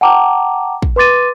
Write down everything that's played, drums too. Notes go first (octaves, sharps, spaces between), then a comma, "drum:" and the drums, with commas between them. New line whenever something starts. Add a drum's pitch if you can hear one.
F#5 G5 A5 A#5 D6
drum: kick
B4 C6 D6 A6 D#7